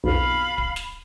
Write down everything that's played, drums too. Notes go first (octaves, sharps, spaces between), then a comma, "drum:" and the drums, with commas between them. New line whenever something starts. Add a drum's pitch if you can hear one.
B1 F2 F5 B5
drum: kick D1
drum: snare